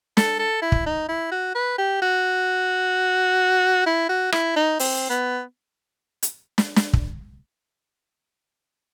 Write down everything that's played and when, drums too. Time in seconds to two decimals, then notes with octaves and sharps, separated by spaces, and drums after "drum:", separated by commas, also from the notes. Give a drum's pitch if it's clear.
0.17 A4, drum: snare
0.39 A4
0.62 E4
0.72 drum: kick
0.86 D#4
1.09 E4
1.32 F#4
1.55 B4
1.78 G4
2.02 F#4
3.86 E4
4.09 F#4
4.32 E4, drum: rim click
4.56 D#4
4.79 C4, drum: open hi-hat
5.10 B3
6.23 drum: hi-hat
6.58 drum: snare
6.76 drum: snare
6.93 drum: kick